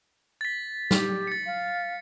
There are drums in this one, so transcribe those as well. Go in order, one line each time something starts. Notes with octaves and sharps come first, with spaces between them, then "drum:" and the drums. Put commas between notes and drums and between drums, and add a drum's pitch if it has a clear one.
A6 B6
G4, drum: snare
A6 C#7
F5